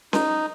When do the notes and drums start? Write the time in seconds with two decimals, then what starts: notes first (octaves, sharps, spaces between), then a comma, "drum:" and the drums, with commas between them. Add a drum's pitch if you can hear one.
0.13 D#4, drum: snare C#4